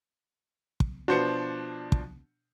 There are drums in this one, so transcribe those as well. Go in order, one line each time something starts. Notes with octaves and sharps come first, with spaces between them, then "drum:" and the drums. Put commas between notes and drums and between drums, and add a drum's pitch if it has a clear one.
drum: kick
B2 F3 D4 F#4 B4 C5 C#7
drum: kick